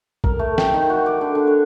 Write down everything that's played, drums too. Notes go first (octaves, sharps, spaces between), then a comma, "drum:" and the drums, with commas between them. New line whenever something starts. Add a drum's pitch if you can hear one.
A#4, drum: kick
A3
G5, drum: snare
D#3
F#4
D6
D3
D3
C#5